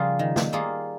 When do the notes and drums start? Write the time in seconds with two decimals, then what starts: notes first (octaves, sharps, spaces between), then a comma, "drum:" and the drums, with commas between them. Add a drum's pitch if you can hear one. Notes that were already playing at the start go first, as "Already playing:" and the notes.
Already playing: C#3 F3 G3 A#3 F4 G#4
0.19 D#3
0.36 drum: snare
0.53 G3 A#3 F4 G#4